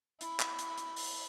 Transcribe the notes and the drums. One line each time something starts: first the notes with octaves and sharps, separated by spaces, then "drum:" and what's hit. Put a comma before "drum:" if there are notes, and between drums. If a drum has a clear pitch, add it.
E4, drum: hi-hat
drum: clap
drum: hi-hat
drum: hi-hat
drum: open hi-hat